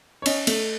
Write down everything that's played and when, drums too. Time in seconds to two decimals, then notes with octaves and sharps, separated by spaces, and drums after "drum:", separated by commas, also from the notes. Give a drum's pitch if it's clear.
0.22 C#5
0.26 C#4 D#5, drum: cymbal
0.47 A3, drum: cymbal